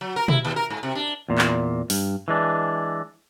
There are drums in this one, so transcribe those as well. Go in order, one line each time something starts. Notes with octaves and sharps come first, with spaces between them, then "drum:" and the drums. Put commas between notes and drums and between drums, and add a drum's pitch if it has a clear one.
F#3
A#4
E4, drum: tom B2
D#2
A#4
G#2
C3
D4
E2 A#2
drum: clap
G2, drum: open hi-hat
E3 G#3 D4